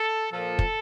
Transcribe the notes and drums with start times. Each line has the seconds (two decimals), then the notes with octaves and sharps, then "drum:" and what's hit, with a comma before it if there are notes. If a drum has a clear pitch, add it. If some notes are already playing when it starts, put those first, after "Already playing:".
Already playing: A4
0.32 A#2 F3 A4
0.59 drum: kick